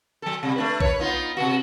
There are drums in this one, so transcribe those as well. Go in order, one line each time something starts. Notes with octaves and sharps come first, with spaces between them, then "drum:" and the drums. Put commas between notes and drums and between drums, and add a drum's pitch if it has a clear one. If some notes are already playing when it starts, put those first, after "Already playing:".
F#3 A4
C3 G3
A3 D4 B4
B4 C#5, drum: kick A#1
B3 D#4 F4
C3 B3 F#4